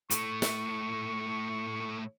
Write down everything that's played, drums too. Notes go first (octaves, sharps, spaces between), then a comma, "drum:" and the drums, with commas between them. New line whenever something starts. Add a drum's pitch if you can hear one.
A2 A3 C#6, drum: hi-hat
drum: snare